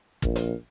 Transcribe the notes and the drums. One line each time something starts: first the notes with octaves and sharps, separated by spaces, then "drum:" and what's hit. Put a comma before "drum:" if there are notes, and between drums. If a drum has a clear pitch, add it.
A#1, drum: kick
drum: hi-hat